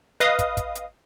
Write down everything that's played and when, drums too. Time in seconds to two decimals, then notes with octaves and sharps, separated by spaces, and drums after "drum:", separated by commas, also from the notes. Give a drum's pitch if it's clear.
0.20 B4 D#5 F5 D#6, drum: hi-hat
0.39 drum: kick, hi-hat
0.57 drum: kick, hi-hat
0.75 drum: hi-hat